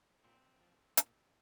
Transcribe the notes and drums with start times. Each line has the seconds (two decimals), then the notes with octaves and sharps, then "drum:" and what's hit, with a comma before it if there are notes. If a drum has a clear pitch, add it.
0.24 A#2 C4
0.60 F3
0.97 A#2, drum: hi-hat